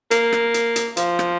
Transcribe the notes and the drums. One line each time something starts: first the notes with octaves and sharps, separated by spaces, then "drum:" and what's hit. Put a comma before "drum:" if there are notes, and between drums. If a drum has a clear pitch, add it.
A#3, drum: hi-hat
drum: rim click
drum: hi-hat
drum: hi-hat
F3, drum: hi-hat
drum: rim click